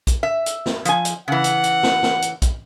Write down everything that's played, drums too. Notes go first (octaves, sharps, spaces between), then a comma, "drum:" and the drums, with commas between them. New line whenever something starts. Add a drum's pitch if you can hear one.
drum: kick, hi-hat
E5
drum: hi-hat
drum: snare
F3 G#5, drum: hi-hat
drum: hi-hat
C#3 E3 F#5
drum: hi-hat
drum: hi-hat
drum: snare
drum: snare
drum: hi-hat
drum: kick, hi-hat